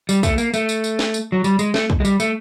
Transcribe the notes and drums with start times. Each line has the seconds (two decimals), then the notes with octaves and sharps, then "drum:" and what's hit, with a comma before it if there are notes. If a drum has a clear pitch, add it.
0.09 G3, drum: tambourine
0.23 A3, drum: kick, tambourine
0.38 A#3, drum: tambourine
0.54 A3, drum: tambourine
0.69 drum: tambourine
0.84 drum: tambourine
0.99 drum: snare
1.14 drum: tambourine
1.32 F#3
1.44 G3, drum: tambourine
1.59 G#3, drum: tambourine
1.74 A3, drum: snare
1.90 drum: kick
2.00 G#3
2.05 G3, drum: tambourine
2.20 A3, drum: tambourine